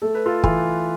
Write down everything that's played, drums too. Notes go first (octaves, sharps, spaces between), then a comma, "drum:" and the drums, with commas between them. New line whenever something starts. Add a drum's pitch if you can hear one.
A3 A4
B4
F4 A4
E3 F4 A4, drum: kick